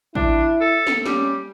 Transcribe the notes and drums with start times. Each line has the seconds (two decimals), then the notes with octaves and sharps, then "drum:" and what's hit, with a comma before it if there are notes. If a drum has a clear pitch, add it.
0.15 D4 E4, drum: kick A1
0.61 A4
0.87 drum: snare
1.06 G3 C#4, drum: snare